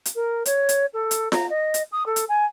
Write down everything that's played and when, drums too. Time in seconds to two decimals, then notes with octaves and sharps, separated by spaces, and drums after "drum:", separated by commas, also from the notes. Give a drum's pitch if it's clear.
0.05 drum: hi-hat
0.15 A#4
0.46 C#5, drum: hi-hat
0.69 drum: hi-hat
0.93 A4
1.11 drum: hi-hat
1.32 A#5, drum: snare F4
1.49 D#5
1.74 drum: hi-hat
1.92 D#6
2.06 A4
2.16 drum: hi-hat
2.28 G#5